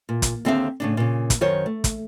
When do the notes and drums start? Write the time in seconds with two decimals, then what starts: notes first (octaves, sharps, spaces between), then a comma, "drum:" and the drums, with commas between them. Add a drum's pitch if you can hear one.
0.09 A#2
0.22 drum: kick, hi-hat
0.45 D#2 D3 C4 G#4 E5 F5
0.80 A2 C#3 D4
0.97 A#2 C#3
1.30 drum: kick, hi-hat
1.41 F#2 D#3 C5 C#5
1.66 A3
1.84 drum: kick, hi-hat